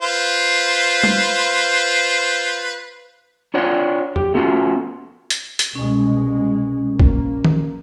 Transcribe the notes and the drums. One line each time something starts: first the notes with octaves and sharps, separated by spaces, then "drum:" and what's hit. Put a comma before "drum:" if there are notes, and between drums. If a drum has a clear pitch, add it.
F4 B4 C5
drum: tom G3
D4 F4 C#5 D5 F#5
G4, drum: tom E2
A3 B3 C#4 F4 F#4
drum: hi-hat
drum: hi-hat
C2 B2 G#3 C#4
A#1 A#3, drum: kick
drum: tom D#3